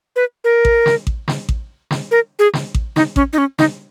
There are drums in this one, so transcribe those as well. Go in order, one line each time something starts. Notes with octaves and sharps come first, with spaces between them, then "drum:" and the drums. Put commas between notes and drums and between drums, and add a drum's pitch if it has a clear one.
B4
A#4
drum: kick A1
drum: snare
drum: kick A1
drum: snare
drum: kick A1
drum: snare
A#4
G#4
drum: snare
drum: kick A1
D#4, drum: snare
C#4, drum: kick A1
D#4
C#4
D#4, drum: snare